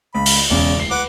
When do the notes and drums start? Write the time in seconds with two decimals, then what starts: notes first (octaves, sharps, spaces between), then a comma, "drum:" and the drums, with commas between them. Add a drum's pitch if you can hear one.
0.14 C#2 B5
0.26 drum: open hi-hat
0.50 E1 E2 C#3 D5
0.76 D1 C7
0.91 B4 F#5 D6